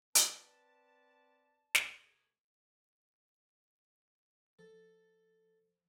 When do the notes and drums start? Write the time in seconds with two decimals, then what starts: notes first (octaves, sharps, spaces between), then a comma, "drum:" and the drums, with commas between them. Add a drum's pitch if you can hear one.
0.15 C4 B4 D5 A5, drum: hi-hat
1.75 drum: snare
4.59 F3 A4